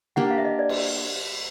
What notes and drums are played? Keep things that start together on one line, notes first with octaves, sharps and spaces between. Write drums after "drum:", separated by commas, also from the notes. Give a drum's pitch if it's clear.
A#3 D4 G4 F#5
F5
E5
D#5
D5
drum: cymbal